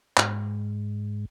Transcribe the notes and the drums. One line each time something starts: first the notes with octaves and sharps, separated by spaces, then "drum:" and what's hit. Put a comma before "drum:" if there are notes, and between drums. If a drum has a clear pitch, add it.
G#2, drum: clap